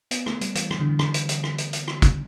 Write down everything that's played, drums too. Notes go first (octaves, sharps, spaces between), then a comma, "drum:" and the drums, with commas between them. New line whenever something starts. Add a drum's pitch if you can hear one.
B3, drum: hi-hat
A3, drum: rim click
G3, drum: hi-hat
E3, drum: hi-hat
E3, drum: rim click
D3
E3
E3, drum: rim click
drum: hi-hat
drum: hi-hat
drum: rim click
drum: hi-hat
drum: hi-hat
drum: rim click
drum: kick, hi-hat